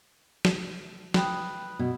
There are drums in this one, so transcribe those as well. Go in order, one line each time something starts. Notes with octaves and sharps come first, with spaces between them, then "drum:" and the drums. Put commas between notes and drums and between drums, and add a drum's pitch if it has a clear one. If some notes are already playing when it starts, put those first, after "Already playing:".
drum: snare
B4 G5 D#6, drum: snare
B2 E4